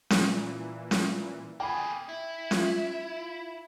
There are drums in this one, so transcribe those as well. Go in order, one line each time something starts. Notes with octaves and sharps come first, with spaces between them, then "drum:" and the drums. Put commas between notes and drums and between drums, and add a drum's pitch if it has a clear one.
A#2 E3, drum: snare C#4
drum: snare C#4
A#3 G#4 G5 B5
E4
F4, drum: snare C#4